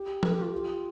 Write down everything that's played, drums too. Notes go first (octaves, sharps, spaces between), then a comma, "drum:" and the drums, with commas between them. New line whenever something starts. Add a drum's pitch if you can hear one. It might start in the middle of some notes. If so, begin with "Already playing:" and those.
Already playing: G4
A4 B4, drum: tom F3
G4
F4
F4 G4